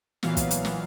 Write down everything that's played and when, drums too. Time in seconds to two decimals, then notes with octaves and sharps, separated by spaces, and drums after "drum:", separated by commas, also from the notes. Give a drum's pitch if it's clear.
0.23 A#2 E3 F#3 B3 F5, drum: snare
0.37 drum: kick, hi-hat
0.51 drum: hi-hat
0.65 drum: snare